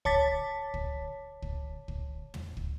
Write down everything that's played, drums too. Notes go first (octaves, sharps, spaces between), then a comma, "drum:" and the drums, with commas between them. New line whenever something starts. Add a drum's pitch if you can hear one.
C#5 A5 D6 A6 B6, drum: kick
drum: kick
drum: kick
drum: kick
drum: tom
drum: kick